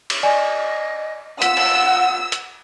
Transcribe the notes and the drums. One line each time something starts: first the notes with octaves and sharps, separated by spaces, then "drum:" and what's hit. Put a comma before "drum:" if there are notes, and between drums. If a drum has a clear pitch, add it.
drum: cymbal
D5 D#5 G#5
F4 F#5 E6 B6, drum: hi-hat
drum: cymbal
drum: hi-hat